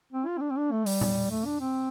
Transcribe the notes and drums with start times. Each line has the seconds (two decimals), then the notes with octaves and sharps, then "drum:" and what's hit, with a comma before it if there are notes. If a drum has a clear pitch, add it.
0.12 C4
0.27 F4
0.37 C4
0.41 D4
0.51 C4
0.57 D4
0.71 A3
0.86 G3, drum: open hi-hat
1.01 drum: tom A#2
1.31 A3
1.46 D4
1.60 C4